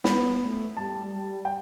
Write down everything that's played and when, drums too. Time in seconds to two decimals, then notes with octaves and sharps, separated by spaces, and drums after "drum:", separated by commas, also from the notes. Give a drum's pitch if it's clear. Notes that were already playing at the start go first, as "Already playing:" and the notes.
0.04 B3 B5, drum: snare
0.41 A3
0.77 G3 A5
1.13 G3
1.45 G5